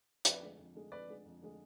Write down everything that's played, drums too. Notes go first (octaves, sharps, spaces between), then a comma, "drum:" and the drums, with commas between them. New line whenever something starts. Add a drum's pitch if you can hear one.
F2 B4 D5, drum: hi-hat
D3 G#3
F2
D3 G#3
F2 B4 D5
D3 G#3
F2
D3 G#3